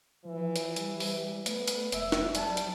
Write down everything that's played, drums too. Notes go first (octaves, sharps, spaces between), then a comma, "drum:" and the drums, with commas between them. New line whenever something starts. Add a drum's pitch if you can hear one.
E3 F3
drum: hi-hat
G3, drum: hi-hat
drum: open hi-hat
A3 B3, drum: hi-hat
drum: hi-hat
F1 E5, drum: hi-hat
drum: snare
F#3 G3 A5, drum: hi-hat
drum: hi-hat